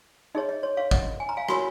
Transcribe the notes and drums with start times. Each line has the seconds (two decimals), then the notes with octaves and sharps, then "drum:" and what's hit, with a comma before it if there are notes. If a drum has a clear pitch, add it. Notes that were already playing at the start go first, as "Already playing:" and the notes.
0.35 D#4 G#4 C#5 D#5
0.49 D#5
0.63 C#5
0.77 C#5 F5
0.91 D#5 F#5, drum: kick G#1
1.20 G#5
1.29 A#5
1.37 F5 G#5
1.49 F#4 A#4 C#5 G#5 B5, drum: rim click